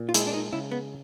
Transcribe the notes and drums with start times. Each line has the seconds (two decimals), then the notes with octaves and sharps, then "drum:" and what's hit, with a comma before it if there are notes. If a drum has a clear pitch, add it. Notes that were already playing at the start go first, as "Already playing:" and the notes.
Already playing: A#2
0.09 F4
0.14 G#3 E4, drum: hi-hat
0.27 D4
0.33 D#4
0.53 C#3 E4
0.71 B3